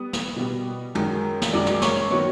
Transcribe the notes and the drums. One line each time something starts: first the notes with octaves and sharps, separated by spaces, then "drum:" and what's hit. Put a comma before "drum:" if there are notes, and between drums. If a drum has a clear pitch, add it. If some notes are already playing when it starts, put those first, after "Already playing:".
Already playing: G3 B3 D#6
drum: snare
B2 G3 B3
F#2 D#3 G#3, drum: tom
drum: snare
F#2 D#3 G#3 D5 D6
drum: snare
C#5 C#6, drum: snare
D#3 F#3 B3 C#5 C#6